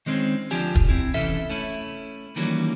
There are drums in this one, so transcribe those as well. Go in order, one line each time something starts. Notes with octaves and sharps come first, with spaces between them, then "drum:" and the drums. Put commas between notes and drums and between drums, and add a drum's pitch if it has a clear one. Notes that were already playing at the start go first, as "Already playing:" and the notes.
D#3 G#3 C4 C#4
D2 D3 F3 D4 G4 G#5
drum: kick
C4 E4
C3 E3 C#4 A4 E5
A3 C#4 E4
D#3 E3 F#3 G3 A#3 C#4